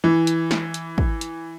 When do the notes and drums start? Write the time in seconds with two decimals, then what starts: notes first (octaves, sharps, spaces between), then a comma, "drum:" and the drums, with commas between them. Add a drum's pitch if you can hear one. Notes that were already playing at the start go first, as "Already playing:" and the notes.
0.04 E3
0.27 drum: hi-hat
0.51 drum: snare
0.74 drum: hi-hat
0.98 drum: kick
1.21 drum: hi-hat